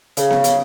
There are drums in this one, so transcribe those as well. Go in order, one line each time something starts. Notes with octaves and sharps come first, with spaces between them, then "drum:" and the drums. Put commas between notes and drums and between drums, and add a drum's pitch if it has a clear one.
C#3, drum: hi-hat
drum: snare B3
drum: hi-hat